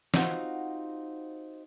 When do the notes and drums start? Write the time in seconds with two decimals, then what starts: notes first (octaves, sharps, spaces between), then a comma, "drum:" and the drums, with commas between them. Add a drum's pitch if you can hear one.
0.14 C4 D#4 F4 F#4 C5 F#5, drum: snare